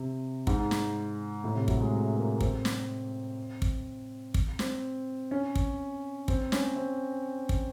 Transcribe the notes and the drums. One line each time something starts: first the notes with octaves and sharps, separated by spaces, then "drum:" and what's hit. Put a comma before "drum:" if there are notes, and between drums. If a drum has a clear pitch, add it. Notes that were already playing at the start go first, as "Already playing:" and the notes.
Already playing: C3
G#2, drum: kick
drum: snare
A2
C3
F#3, drum: kick
G#3
A3
A#3
C4, drum: kick
drum: snare
drum: kick
drum: kick
C4, drum: snare
C#4
drum: kick
C4, drum: kick
C#4, drum: snare
C4
drum: kick